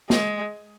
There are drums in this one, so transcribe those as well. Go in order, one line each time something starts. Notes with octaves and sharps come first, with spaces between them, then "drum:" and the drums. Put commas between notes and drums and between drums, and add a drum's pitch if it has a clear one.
G#3, drum: snare